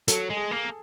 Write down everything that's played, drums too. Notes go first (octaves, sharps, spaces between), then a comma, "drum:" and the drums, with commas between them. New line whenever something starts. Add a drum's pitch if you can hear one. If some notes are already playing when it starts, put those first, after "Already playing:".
F#3 A4, drum: hi-hat
G#3
G#4
A#3